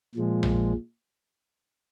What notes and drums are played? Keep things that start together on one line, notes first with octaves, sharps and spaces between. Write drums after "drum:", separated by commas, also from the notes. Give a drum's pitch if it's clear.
A#2 F3 G#3
drum: tom A#1